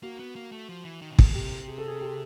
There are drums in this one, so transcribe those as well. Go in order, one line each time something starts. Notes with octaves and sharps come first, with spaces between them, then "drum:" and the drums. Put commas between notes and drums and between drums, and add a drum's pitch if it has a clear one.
A#3 F#4
B3
A#3
A3
F3
E3
D#3
B2
C3, drum: kick
B2
C3 G4
G#4
A4
G#4
G4